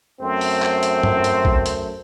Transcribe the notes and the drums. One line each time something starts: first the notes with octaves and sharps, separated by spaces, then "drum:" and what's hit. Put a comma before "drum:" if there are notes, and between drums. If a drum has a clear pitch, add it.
F#2 A3 C4 C5
drum: open hi-hat
drum: clap
drum: hi-hat
drum: tom G2
drum: hi-hat
drum: kick A#1
drum: hi-hat